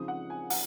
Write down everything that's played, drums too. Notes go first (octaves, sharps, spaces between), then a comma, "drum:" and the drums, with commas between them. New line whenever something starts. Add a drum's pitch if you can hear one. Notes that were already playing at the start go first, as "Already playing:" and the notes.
Already playing: C#3 F3 C4 D#4 D#6
F#5
G#5
F#5, drum: open hi-hat